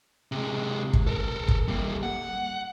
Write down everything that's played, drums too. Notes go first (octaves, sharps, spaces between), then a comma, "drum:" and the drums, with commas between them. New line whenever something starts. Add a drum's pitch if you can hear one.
C3 G#3
drum: kick
A4 A#4
drum: kick
G3 A#3
F#5